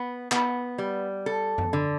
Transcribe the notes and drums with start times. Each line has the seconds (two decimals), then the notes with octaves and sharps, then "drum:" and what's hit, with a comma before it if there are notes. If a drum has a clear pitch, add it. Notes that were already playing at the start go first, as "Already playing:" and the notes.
Already playing: B3
0.32 B3, drum: clap
0.78 G3
1.26 A4
1.58 drum: tom F#2
1.73 D3